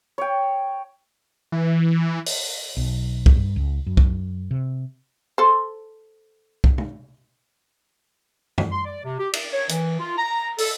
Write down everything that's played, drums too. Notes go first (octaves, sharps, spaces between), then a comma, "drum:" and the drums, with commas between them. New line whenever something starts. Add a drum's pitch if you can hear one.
C#5 G5
E3
drum: open hi-hat
B1
drum: kick
G2
C#2
F#2
drum: kick
C3
A4 C5
drum: kick
drum: tom C3
drum: tom
C6
D5
C3
G4
D5, drum: cymbal
C#5
E3, drum: hi-hat
F4
A#5
A4, drum: open hi-hat